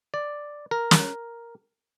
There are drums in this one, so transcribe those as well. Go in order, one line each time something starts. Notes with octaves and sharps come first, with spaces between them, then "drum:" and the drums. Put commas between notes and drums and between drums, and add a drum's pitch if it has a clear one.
D5
A#4
drum: snare